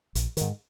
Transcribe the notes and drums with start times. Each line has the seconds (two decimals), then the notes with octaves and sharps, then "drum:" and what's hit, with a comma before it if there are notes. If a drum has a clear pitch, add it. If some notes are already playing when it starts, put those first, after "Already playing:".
0.15 A#1, drum: hi-hat
0.37 G#2 D#3, drum: hi-hat